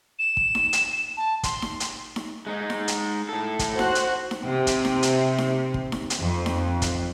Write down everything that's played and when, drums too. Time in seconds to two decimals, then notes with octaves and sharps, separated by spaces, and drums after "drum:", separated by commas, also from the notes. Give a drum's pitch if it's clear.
0.19 E7
0.37 drum: kick
0.55 drum: snare D#4
0.73 drum: hi-hat
1.17 A5
1.43 C6, drum: kick, hi-hat
1.62 drum: snare D#4
1.80 drum: hi-hat
2.16 drum: snare D#4
2.47 G#3 D#4
2.70 drum: snare D#4
2.88 drum: hi-hat
3.29 A2 A4
3.59 drum: kick, hi-hat
3.79 F#4 C5 F#6, drum: snare D#4
3.95 drum: hi-hat
4.31 drum: snare D#4
4.43 C3
4.67 drum: kick, hi-hat
4.85 drum: snare D#4
5.03 drum: hi-hat
5.38 drum: snare D#4
5.74 drum: kick
5.92 drum: snare D#4
6.10 drum: hi-hat
6.20 F2
6.46 drum: snare D#4
6.82 drum: kick, hi-hat